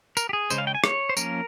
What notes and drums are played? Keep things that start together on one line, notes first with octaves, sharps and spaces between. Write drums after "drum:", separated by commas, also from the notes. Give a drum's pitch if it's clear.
A#4, drum: tambourine
G4
G#4
C#3 G#3 C#4 C5, drum: tambourine
F5
G5
G#5
C#5, drum: rim click
C5
F3 A#3 C#4 A#4, drum: tambourine